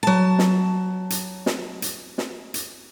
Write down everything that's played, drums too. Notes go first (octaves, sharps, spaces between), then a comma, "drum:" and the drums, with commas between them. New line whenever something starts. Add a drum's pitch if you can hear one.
F#3 A5
drum: snare
drum: hi-hat
drum: snare
drum: hi-hat
drum: snare
drum: hi-hat